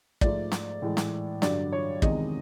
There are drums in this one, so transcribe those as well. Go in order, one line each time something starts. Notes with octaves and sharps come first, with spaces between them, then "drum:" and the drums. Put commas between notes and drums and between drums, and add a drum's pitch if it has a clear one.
G#2 F3 A3 D5, drum: kick
drum: snare
A2 E3 G#3
drum: snare
G2 D3 F#3 D5, drum: snare
C#5
E2 C3 D#3 G#3 D#5, drum: kick